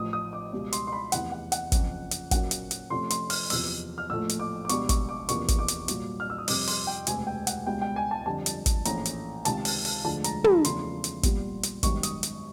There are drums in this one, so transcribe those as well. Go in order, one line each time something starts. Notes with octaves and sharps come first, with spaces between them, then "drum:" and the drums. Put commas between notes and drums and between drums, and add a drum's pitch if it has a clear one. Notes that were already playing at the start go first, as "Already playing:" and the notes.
Already playing: A1 A2 F3 D#6
D#6
D6
C#2 B2 G3
C6, drum: hi-hat
C6
B5
F1 E2 C3 E3 F#5, drum: hi-hat
F#5
F#5, drum: hi-hat
F#1 F2 C#3, drum: kick, hi-hat
drum: hi-hat
B1 A#2 F#3 A#3 C#4 F#5, drum: kick, hi-hat
drum: hi-hat
drum: hi-hat
F2 C3 F3 A3 C#4 C6
C6, drum: hi-hat
F6, drum: open hi-hat
F#1 E2 C3 F3 E6, drum: open hi-hat
F6
A#1 A2 F3 A3 E6
drum: hi-hat
D6
D6
C#2 B2 G3 B3 D4 C#6, drum: hi-hat
C#6, drum: kick, hi-hat
D6
E2 C3 F3 A#3 D4 C#6, drum: hi-hat
drum: kick, hi-hat
D6
drum: hi-hat
C2 A#2 F#3, drum: hi-hat
F6
E6
D#6
G1 F2 C3 D6, drum: open hi-hat
C6, drum: open hi-hat
G5
E1 D2 C3 G#5, drum: hi-hat
G5
F#5, drum: hi-hat
C#2 B2 G3 B3 G5
G5
G#5
A5
G1 F2 D3 G3 A5
drum: hi-hat
drum: kick, hi-hat
A#1 A2 E3 A3 C#4 A#5, drum: hi-hat
drum: hi-hat
C#2 C3 D#3 A5, drum: hi-hat
drum: open hi-hat
drum: open hi-hat
E1 D2 D3 F3 G#3 A5
A#5, drum: hi-hat
B5, drum: tom
E2 C#3 F3 A3 D4 C6, drum: hi-hat
drum: hi-hat
C2 A#2 G3 B3, drum: kick, hi-hat
drum: hi-hat
G#1 F#2 D#3 G3 B3 C#6, drum: kick, hi-hat
D#6, drum: hi-hat
drum: hi-hat